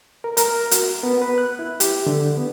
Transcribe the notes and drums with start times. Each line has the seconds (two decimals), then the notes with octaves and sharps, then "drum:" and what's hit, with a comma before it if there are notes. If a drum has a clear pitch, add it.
0.24 A#4
0.37 A#4, drum: hi-hat
0.71 F#4, drum: hi-hat
1.03 B3
1.22 B4
1.38 F#6
1.59 E4
1.80 G4, drum: hi-hat
2.06 D3
2.37 B3